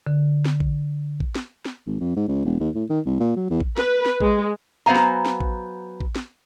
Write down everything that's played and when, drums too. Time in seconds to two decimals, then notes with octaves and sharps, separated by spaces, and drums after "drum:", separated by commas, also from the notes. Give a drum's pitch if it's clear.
0.07 D3
0.45 drum: snare
0.60 drum: kick A1
1.20 drum: kick A1
1.35 drum: snare
1.65 drum: snare
1.86 G#1
2.00 F2
2.16 G#2
2.28 C#2
2.45 E1
2.60 D#2
2.75 A2
2.90 D#3
3.06 C2
3.20 A#2
3.36 F#3
3.50 E2
3.60 drum: kick A1
3.77 B4, drum: snare
4.05 drum: snare
4.20 G#3, drum: kick A1
4.86 F#3 B3 C5 F5 G#5 A#5
4.95 drum: snare
5.25 drum: snare
5.40 drum: kick A1
6.00 drum: kick A1
6.16 drum: snare